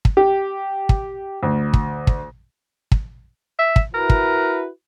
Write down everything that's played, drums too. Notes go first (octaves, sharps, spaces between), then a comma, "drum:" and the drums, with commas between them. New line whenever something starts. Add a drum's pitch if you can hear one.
drum: kick
G4
drum: kick
D2
drum: kick
drum: kick
drum: kick
E5
drum: kick
E4 F#4 A#4 B4
drum: kick